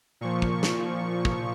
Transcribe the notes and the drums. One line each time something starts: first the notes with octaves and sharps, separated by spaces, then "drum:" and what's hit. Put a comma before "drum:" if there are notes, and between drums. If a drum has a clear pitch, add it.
A#2 F3 C#6
drum: kick
drum: snare
drum: kick